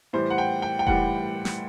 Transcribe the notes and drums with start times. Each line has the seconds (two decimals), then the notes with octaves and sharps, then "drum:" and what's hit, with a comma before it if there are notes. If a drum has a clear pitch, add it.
0.13 A2 E3 G3 C5
0.30 F#5
0.38 G5
0.62 G5
0.79 G5
0.87 A2 E3 G3 F#5, drum: kick F1
1.45 drum: snare